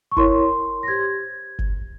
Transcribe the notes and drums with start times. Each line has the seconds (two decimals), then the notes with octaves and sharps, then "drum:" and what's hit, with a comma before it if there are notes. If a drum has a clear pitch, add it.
0.11 C#6
0.17 E4 A#4 C#5 C6, drum: kick
0.83 A#6
0.88 G4 C5 G#6
1.59 drum: kick